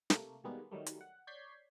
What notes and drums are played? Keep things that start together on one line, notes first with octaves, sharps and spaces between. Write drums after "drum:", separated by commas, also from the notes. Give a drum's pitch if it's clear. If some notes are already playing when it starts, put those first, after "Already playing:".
C3 A3 A#3, drum: snare
B2 D#3 G3 G#3 A#3 B3
D#3 F#3 G3 A3
drum: hi-hat
F#5
C#5 D5 G6 G#6 B6 C7